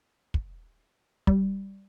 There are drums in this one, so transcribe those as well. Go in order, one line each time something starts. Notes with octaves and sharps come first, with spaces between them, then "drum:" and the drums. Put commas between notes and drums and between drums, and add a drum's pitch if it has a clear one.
drum: kick
G3, drum: kick